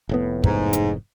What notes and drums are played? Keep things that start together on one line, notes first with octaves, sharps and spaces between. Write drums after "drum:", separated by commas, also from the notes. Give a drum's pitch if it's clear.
F1 A2 B3
G#2, drum: kick
drum: hi-hat